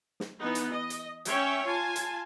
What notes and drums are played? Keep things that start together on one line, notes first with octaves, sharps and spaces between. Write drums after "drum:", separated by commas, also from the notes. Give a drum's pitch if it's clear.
drum: snare
E3 B3 D#4
drum: hi-hat
D#5
drum: hi-hat
C#4 C#5 E5 G5, drum: hi-hat
F4 G#5 A5
drum: hi-hat